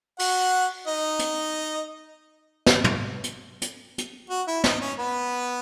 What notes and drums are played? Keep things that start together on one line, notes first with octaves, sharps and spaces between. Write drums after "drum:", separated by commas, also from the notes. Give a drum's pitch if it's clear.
F#4 F#5, drum: open hi-hat
D#4 D#5
drum: hi-hat
drum: snare
drum: tom
drum: hi-hat
drum: hi-hat
drum: hi-hat
F#4 F#5
E4 E5
D#4 D#5, drum: snare
C#4 C#5
B3 B4